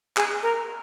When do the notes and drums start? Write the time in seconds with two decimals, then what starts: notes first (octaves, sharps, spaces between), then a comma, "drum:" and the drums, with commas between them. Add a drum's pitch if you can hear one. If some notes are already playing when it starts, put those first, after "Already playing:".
0.17 G#4, drum: clap
0.43 A#4